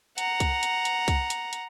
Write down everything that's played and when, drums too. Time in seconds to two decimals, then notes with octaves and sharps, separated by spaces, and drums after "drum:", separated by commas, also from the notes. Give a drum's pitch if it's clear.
0.18 F#5 A#5, drum: hi-hat
0.40 drum: kick C2, hi-hat
0.63 drum: hi-hat
0.85 drum: hi-hat
1.08 drum: kick C2, hi-hat
1.30 drum: hi-hat
1.53 drum: hi-hat